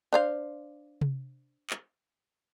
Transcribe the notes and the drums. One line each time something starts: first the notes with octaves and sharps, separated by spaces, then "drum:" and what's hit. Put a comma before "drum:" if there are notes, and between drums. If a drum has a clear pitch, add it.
D4 C5 F5
drum: tom C3
drum: clap